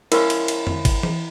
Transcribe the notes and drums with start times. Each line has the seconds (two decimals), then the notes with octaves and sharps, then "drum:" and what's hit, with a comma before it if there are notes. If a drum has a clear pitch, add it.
0.12 F3 G#3 C#4 E4 A#4, drum: cymbal
0.30 drum: cymbal
0.48 drum: cymbal
0.67 drum: tom F2
0.85 drum: kick G#1, cymbal
1.03 drum: tom E3